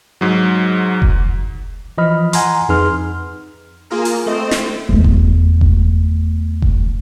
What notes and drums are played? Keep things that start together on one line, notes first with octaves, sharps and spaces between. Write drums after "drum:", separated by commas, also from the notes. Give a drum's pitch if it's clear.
G#2 F#3
drum: kick F1
E3 F3 D#5 B5 F6
F#5 G#5 A#5 C6, drum: hi-hat
F2 D#4 G#4 B4 C6 F6
A#3 F4 G#4 A#4
drum: open hi-hat
A3 C4 C5 D#5
drum: snare
E2 A3
drum: kick F1
drum: kick F1
drum: kick F1